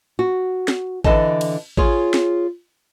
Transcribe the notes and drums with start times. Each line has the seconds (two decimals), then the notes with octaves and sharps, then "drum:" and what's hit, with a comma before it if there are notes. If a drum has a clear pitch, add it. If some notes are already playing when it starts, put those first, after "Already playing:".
0.19 F#4
0.68 drum: snare
1.04 D3 E3 A4 D#5 A5, drum: kick G#1
1.41 drum: cymbal
1.77 F4 G#4 C#5, drum: kick G#1
2.14 drum: snare